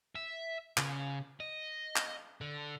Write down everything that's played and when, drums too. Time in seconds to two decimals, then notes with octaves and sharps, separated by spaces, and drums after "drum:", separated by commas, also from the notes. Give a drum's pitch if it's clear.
0.15 E5
0.77 C#3, drum: clap
1.40 D#5
1.96 drum: clap
2.41 D3